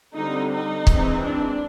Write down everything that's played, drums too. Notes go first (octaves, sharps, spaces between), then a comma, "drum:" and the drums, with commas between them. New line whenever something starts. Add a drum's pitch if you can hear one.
D3 G3 C4 D#4
D#4
E3 G#3 C4, drum: kick
D4